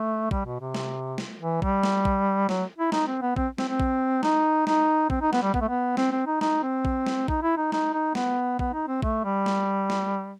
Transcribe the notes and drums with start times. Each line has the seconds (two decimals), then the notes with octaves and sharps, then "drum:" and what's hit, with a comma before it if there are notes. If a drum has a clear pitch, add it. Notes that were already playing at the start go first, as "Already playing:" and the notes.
Already playing: A3
0.31 G3, drum: kick A#1
0.46 B2
0.60 C3
0.75 drum: snare
1.18 drum: snare
1.39 E3
1.62 G3, drum: kick A#1
1.83 drum: snare
2.05 drum: kick A#1
2.49 F#3, drum: snare
2.78 E4
2.92 D#4, drum: snare
3.07 C4
3.22 B3
3.36 C4, drum: kick A#1
3.58 C4, drum: snare
3.69 C4
3.80 drum: kick A#1
4.23 D#4, drum: snare
4.67 D#4, drum: snare
5.10 C4, drum: kick A#1
5.21 D#4
5.33 B3, drum: snare
5.42 G3
5.54 B3, drum: kick A#1
5.61 A3
5.68 B3
5.97 C4, drum: snare
6.12 C4
6.27 D#4
6.41 D#4, drum: snare
6.63 C4
6.85 drum: kick A#1
7.06 drum: snare
7.28 D#4, drum: kick A#1
7.43 E4
7.57 D#4
7.72 D#4, drum: snare
7.93 D#4
8.15 B3, drum: snare
8.59 B3, drum: kick A#1
8.73 D#4
8.88 C4
9.02 A3, drum: kick A#1
9.24 G3
9.46 drum: snare
9.90 drum: snare